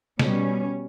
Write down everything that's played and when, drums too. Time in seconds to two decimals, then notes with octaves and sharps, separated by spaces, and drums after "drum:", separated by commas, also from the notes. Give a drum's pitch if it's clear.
0.19 B2 G3 C#4, drum: snare